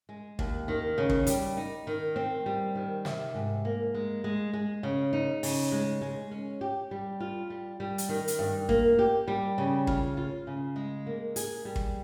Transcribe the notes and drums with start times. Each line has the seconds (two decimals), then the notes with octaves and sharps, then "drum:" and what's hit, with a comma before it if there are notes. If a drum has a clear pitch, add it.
0.09 G#3
0.39 D#2, drum: kick
0.68 D#3
0.98 C#3
1.09 drum: kick
1.27 G3, drum: hi-hat
1.57 D#4
1.87 D#3
2.16 C4
2.46 G3
2.75 D#3
3.05 C3, drum: snare
3.34 G#2
3.65 A#3
3.94 G#3
4.24 G#3
4.53 G#3
4.83 C#3
5.13 D#4
5.43 C#3, drum: open hi-hat
5.72 G#3
6.01 G#3
6.31 C#4
6.61 G4
6.91 G3
7.20 F4
7.50 G3
7.80 G3
7.98 drum: hi-hat
8.09 D#3
8.28 drum: hi-hat
8.39 G2
8.69 A#3, drum: kick
8.99 G4
9.28 G3
9.58 C#3
9.87 F4, drum: kick
10.17 F4
10.47 C#3
10.76 G#3
11.06 A#3
11.36 G#4, drum: hi-hat
11.65 G3
11.76 drum: kick